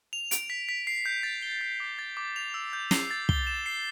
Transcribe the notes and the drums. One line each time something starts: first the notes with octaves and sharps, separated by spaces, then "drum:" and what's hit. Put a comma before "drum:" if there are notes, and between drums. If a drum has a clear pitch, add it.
F7
D7, drum: hi-hat
B6
B6
C7
G6
A6
G7
A6
D6
A6
D6
F7
E6
G6
C7, drum: snare
A6
G7, drum: kick
E7
C7